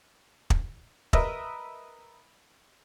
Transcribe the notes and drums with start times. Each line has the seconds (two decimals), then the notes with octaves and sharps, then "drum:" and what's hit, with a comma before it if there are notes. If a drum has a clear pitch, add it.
0.50 drum: kick
1.13 A#4 B4 D#5 E5, drum: kick